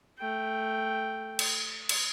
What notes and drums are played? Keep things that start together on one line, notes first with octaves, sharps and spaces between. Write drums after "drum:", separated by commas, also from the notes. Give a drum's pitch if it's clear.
A3 G5
drum: cymbal
drum: cymbal